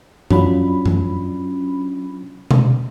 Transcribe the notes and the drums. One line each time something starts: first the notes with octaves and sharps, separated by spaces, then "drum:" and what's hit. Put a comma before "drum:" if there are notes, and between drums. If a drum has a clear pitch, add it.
F#3 C#4 D4 F4 B5, drum: tom F#2
drum: tom F#2
drum: tom B2